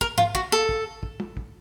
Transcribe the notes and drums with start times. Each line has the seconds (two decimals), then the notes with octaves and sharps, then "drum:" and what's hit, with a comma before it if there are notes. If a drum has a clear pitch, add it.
0.01 A#4, drum: kick
0.18 F4, drum: tom
0.35 F#4, drum: kick
0.52 A4
0.69 drum: kick
1.03 drum: kick
1.20 drum: tom
1.37 drum: kick